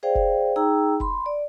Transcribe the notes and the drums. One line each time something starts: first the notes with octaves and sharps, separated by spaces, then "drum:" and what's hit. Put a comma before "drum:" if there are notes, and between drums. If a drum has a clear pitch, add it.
G#4 C5 D5 F5 G5
drum: kick F1
D#4 G#4 G5 A#5 E6
B5 C6, drum: kick F1
D5